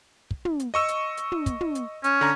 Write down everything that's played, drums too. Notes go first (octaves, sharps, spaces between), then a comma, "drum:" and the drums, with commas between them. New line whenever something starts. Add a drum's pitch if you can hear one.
drum: kick
drum: tom
drum: hi-hat
D#5 C#6 E6
drum: hi-hat
drum: hi-hat
drum: tom
drum: kick, hi-hat
drum: tom
drum: hi-hat
C#4, drum: hi-hat
D3 A#5